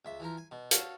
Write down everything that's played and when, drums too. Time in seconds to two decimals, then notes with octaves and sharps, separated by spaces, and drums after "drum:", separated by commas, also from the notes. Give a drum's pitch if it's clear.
0.05 C#2 E5
0.20 E3 F3 A#4
0.37 G#5
0.51 B2
0.71 F#4 A4 C#5 F5 F#5, drum: hi-hat